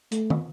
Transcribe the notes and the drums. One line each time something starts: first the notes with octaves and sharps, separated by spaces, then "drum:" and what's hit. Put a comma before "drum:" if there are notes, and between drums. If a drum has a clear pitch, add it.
A3, drum: hi-hat
drum: tom